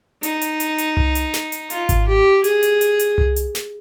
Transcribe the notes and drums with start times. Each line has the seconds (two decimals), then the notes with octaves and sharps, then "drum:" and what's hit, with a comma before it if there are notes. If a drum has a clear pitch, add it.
0.23 D#4, drum: hi-hat
0.41 drum: hi-hat
0.60 drum: hi-hat
0.78 drum: hi-hat
0.97 drum: tom C2
1.15 drum: hi-hat
1.34 drum: snare
1.52 drum: hi-hat
1.70 F4, drum: hi-hat
1.89 drum: kick G#1, hi-hat
2.08 G4
2.44 G#4, drum: hi-hat
2.63 drum: hi-hat
2.81 drum: hi-hat
2.99 drum: hi-hat
3.18 drum: tom C2
3.36 drum: hi-hat
3.55 drum: snare